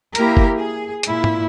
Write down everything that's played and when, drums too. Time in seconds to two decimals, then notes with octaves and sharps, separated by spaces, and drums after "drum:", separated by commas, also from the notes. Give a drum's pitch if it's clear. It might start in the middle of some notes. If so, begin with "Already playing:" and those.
0.15 A#3 E4 G4 A#4, drum: hi-hat
0.37 drum: kick F#1
0.55 G#4
1.03 A#2 E4, drum: hi-hat
1.24 drum: tom G#2